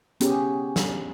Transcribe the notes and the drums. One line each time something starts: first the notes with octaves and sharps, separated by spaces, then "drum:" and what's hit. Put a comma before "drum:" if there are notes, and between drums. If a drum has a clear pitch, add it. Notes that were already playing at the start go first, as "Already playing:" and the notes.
B3 C#4 G4 G#4, drum: hi-hat
drum: snare